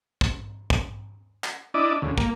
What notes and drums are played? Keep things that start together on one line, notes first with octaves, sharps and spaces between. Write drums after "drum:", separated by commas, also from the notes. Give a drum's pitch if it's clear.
drum: kick
drum: kick
drum: clap
D4 E4 D5 D#5
D2 C#3
A#3, drum: kick